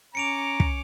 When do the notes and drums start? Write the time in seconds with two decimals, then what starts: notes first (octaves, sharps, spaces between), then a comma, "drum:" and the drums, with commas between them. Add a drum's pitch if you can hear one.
0.15 C#4 A#5 D6 C#7 D7 F7
0.60 drum: kick